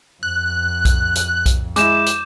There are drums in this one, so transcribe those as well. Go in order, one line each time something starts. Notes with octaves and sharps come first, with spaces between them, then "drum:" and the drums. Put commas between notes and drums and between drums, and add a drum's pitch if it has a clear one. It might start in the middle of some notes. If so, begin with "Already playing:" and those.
F2 F#6
drum: kick B1, hi-hat
drum: hi-hat
drum: kick B1, hi-hat
G#3 E4 D6 G6 E7, drum: hi-hat
drum: hi-hat